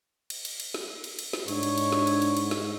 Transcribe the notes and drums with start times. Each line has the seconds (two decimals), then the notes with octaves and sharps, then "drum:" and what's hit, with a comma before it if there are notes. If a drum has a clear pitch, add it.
0.30 drum: cymbal
0.45 drum: cymbal
0.60 drum: cymbal
0.74 drum: snare
1.04 drum: cymbal
1.19 drum: cymbal
1.33 drum: snare
1.48 G#2 D4 C#5, drum: cymbal
1.63 drum: cymbal
1.78 drum: cymbal
1.92 drum: snare
2.07 drum: cymbal
2.22 drum: cymbal
2.37 drum: cymbal
2.51 drum: snare